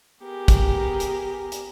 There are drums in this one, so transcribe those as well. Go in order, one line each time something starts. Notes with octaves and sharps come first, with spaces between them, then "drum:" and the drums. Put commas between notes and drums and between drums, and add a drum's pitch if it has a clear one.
B3 G4 G#4 A#4
drum: kick, hi-hat
drum: hi-hat
drum: hi-hat